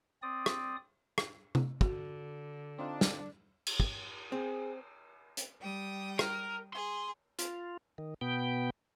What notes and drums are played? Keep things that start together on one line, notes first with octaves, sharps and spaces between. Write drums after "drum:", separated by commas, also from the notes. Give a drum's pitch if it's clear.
C4 D5 D#6
drum: rim click
drum: rim click
drum: tom C3
D3 F#4, drum: kick
C4 D4 D#4 F4
drum: snare
drum: cymbal
drum: kick
C4 G#4
drum: hi-hat
G3 G5 D#6
A#4, drum: rim click
G#4 C6
F4, drum: hi-hat
D#3
B2 B3 G5